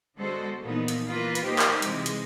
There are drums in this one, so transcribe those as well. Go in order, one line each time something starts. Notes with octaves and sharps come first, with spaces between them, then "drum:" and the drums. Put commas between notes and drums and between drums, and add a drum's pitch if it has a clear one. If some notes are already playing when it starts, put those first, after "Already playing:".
D3 G#3 B3 F#4 A4 C5
A#2 E3 F3 B3 D#4
drum: hi-hat
E3 A#3 F4 B4
drum: hi-hat
A#3 D#4 G4 C5
drum: clap
C3 E3 G#3, drum: hi-hat
drum: hi-hat